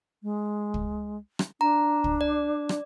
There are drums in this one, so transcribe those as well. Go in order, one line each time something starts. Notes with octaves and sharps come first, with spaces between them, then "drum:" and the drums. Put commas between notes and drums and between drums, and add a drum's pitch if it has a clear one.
G#3
drum: kick
drum: rim click
D4 A#5
drum: kick
D5
drum: rim click